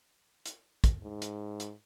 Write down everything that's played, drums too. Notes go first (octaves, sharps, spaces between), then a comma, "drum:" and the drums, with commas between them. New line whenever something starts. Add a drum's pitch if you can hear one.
drum: hi-hat
drum: kick, hi-hat
G#2
drum: hi-hat
drum: hi-hat